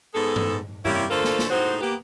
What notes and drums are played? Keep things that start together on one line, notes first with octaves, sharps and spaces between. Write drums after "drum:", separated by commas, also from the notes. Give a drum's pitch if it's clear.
G#2 B3 G#4 A4
drum: tom G2
C3 G3 A#3 C#4 E4, drum: tom G2
D3 A3 F4 A4 A#4 C5
drum: snare
drum: snare
A2 D#4 F#4 G#4 C5
A#3 B3 G4